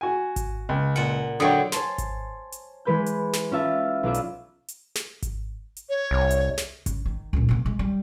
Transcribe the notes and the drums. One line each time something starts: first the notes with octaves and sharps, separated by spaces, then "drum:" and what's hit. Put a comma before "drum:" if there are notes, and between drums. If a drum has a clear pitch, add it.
F#4 G#5
drum: kick G#1, hi-hat
C#2
A#2 F#5
D3 F#3 C#5 G5 D#6
C5 C#5 G#5 A5 C6, drum: snare
drum: kick G#1, hi-hat
drum: hi-hat
E3 G#3 B4 B5 G6
drum: hi-hat
drum: snare
C#4 F4 E5 A5
B1 F4 D5 E5
drum: hi-hat
drum: hi-hat
drum: snare
drum: kick G#1, hi-hat
drum: hi-hat
C#5
C2
drum: hi-hat
drum: snare
C#3, drum: kick G#1, hi-hat
D#3
C#2 A#2
C3 A#3
G#3
G3